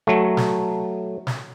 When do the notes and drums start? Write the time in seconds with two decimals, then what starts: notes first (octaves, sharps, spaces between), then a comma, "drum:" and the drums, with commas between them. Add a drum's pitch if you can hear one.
0.07 F#3 A3
0.37 drum: snare
1.27 drum: snare